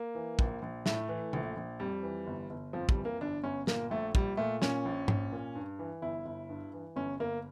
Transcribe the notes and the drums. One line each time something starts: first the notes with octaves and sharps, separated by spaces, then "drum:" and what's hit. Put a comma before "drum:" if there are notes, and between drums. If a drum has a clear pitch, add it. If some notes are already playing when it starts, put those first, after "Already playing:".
Already playing: A#3
E3
A#1, drum: kick
A#1
A2 A3, drum: snare
E3
A#1, drum: tom C#3
A#1
F2 G3
E3
G1
G1
F2 F3
G3, drum: kick
E3
A#3
G1 D4
G1 C#4
A#2 A#3, drum: snare
A#1 A3
A#1 G3, drum: kick
A#2 A3
A#2 C#4, drum: snare
A#1
A#1, drum: tom G#2
A#2
G2
E3
G1 E4
G1
G2
E3
G1 C#4
G1 A#3